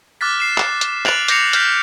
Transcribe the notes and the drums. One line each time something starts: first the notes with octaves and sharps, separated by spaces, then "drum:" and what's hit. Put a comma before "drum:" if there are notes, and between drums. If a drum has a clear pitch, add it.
D6 F6 F#6 A6 B6
C7 E7
drum: clap
drum: hi-hat
F#6 A6 D7 F7 F#7, drum: clap
D6 G6 A#6 C7 C#7 F7, drum: hi-hat
F6 G6 B6, drum: hi-hat